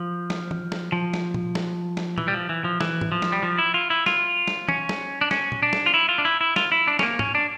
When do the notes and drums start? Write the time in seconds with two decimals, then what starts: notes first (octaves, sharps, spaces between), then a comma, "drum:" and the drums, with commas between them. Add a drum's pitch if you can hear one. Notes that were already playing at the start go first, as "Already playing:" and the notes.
Already playing: F3
0.30 drum: snare
0.51 drum: tom
0.72 drum: snare
0.92 F3
1.14 drum: snare
1.34 drum: tom
1.55 drum: snare
1.97 drum: snare
2.18 E3, drum: tom
2.28 G3
2.34 F3
2.49 E3
2.64 F3
2.81 E3, drum: snare
3.01 drum: tom
3.12 F3
3.22 drum: snare
3.32 G3
3.43 F3
3.58 E4
3.74 F4
3.90 E4
4.06 F4, drum: snare
4.48 drum: snare
4.69 C#4, drum: tom
4.89 drum: snare
5.21 D4
5.31 C#4, drum: snare
5.52 drum: tom
5.63 D4
5.73 drum: snare
5.86 F4
5.94 E4
6.09 F4
6.18 D4
6.25 E4
6.41 E4
6.56 F4, drum: snare
6.72 E4
6.87 D4
6.99 C#4, drum: snare
7.03 A#3
7.19 C#4, drum: tom
7.35 D4